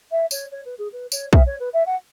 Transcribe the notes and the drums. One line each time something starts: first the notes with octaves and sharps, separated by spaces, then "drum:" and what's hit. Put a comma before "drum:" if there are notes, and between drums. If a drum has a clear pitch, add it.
E5
C#5, drum: tambourine
C#5
B4
G#4
B4
C#5, drum: tambourine
E5, drum: kick
C#5
B4
E5
F#5